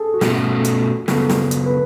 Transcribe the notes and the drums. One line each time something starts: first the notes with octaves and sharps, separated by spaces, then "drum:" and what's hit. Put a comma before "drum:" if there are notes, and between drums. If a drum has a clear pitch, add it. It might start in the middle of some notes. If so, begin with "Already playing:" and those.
Already playing: G#4 A4
F#4
B2 A3 C#4 F4 G#4, drum: snare
G#4
drum: hi-hat
F#4
C#3 F#3 B3 A4, drum: snare
drum: snare
drum: hi-hat
B4